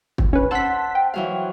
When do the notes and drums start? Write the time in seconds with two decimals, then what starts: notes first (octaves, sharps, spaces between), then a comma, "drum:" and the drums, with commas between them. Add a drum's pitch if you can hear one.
0.18 drum: kick
0.33 C#4 B4
0.51 C5 F#5 A5 E6 B6
0.95 G5
1.14 E3 F#3 F5